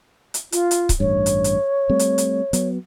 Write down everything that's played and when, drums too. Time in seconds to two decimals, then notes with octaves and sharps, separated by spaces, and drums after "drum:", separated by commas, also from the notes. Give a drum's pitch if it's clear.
0.34 drum: hi-hat
0.52 F4, drum: hi-hat
0.71 drum: hi-hat
0.89 drum: kick C#1, hi-hat
1.00 A1 G2 C#5
1.26 drum: hi-hat
1.44 drum: hi-hat
1.90 G3 A3 C4
1.99 drum: hi-hat
2.18 drum: hi-hat
2.53 F#3 B3, drum: hi-hat